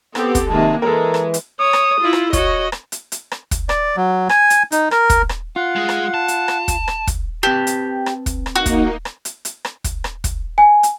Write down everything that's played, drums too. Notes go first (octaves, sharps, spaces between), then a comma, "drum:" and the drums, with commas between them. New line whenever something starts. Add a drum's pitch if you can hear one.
B3 C4 G4 A4, drum: rim click
drum: kick, hi-hat
C3 D#3 G#3 A#3 A5
E3 G#3 A4 A#4
drum: rim click
drum: hi-hat
C#5 D#6
drum: rim click
E4 F4
drum: rim click
F#4 C#5 D#5, drum: kick, hi-hat
drum: rim click
drum: hi-hat
drum: hi-hat
drum: rim click
drum: kick, hi-hat
D5, drum: rim click
F#3
G#5, drum: rim click
drum: hi-hat
D#4, drum: hi-hat
A#4, drum: rim click
drum: kick, hi-hat
drum: rim click
F4 F#5
G#3 G#4
drum: rim click
A5
drum: hi-hat
drum: rim click
drum: kick, hi-hat
drum: rim click
drum: kick, hi-hat
C4 G4 B4 A5
drum: hi-hat
drum: rim click
drum: kick, hi-hat
drum: rim click
A#3 D#4 F#4
drum: kick, hi-hat
drum: rim click
drum: hi-hat
drum: hi-hat
drum: rim click
drum: kick, hi-hat
drum: rim click
drum: kick, hi-hat
G#5
drum: hi-hat